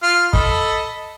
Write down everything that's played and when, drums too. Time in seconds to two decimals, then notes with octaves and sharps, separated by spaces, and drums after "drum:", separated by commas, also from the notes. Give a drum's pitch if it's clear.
0.03 F4 F6
0.33 A4 D#5 B5, drum: kick